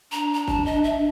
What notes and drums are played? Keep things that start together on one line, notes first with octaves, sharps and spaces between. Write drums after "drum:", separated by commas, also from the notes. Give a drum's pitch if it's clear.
D4 A#5
A#5
A5, drum: kick G1
D#5
E5